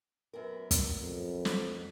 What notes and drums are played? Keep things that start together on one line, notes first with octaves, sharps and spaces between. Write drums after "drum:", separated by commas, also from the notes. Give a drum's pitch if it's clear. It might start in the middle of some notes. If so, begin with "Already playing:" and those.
F#2 B3 A#4
drum: kick, hi-hat
F2
drum: snare